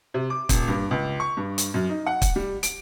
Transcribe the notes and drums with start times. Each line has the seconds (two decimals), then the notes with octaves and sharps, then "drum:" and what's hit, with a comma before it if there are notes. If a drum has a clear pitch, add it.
0.14 C3
0.30 D6
0.49 D#1, drum: kick, hi-hat
0.68 G2
0.91 C#2
1.20 C#6
1.37 G2
1.58 drum: hi-hat
1.74 F#2
1.89 D#4
2.06 F#5
2.22 drum: kick, hi-hat
2.36 G3
2.63 D7, drum: hi-hat